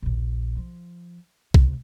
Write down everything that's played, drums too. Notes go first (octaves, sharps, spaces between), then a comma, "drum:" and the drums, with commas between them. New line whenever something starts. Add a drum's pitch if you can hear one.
D#1 A#1
F3
C#2 C3, drum: kick B1